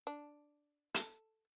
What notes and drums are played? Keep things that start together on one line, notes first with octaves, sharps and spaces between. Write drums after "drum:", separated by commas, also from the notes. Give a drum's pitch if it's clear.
D4
A4, drum: hi-hat